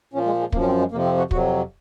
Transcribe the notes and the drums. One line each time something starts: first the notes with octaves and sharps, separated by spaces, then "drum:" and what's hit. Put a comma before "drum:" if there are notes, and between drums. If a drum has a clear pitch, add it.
A#2 F3 C#4
G#3
G#3
F#2 F3 A#3, drum: kick
C#4
C4
G#3
F2 C3 F3 A#3
C4
F#4
F2 C3 F#3 F#4, drum: kick